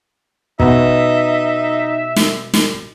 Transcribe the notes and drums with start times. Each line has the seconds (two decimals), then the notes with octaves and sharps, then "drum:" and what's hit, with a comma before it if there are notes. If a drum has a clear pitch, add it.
0.60 B2 B3 D#4 E5, drum: kick
2.16 drum: snare
2.54 drum: snare